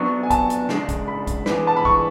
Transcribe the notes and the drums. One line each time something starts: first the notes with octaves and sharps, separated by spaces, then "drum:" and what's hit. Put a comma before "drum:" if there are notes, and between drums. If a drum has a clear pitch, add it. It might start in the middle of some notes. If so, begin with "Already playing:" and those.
Already playing: F#3 B3 D4 C#6
G#5
A5, drum: kick, hi-hat
drum: hi-hat
C#3 G#3 D4, drum: snare
drum: kick, hi-hat
B5
drum: kick, hi-hat
E3 G#3 D4 G#4 B4, drum: snare
A5
B5
C#6, drum: kick